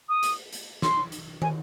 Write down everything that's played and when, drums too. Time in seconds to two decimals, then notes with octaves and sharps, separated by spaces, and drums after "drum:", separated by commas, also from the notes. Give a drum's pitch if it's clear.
0.09 D#6
0.23 drum: hi-hat
0.53 drum: hi-hat
0.82 C6, drum: snare
1.12 drum: hi-hat
1.42 G#5, drum: tom